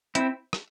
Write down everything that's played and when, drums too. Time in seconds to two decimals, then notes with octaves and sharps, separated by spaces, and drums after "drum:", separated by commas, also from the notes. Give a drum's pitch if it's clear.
0.15 C4 E4, drum: hi-hat
0.53 drum: rim click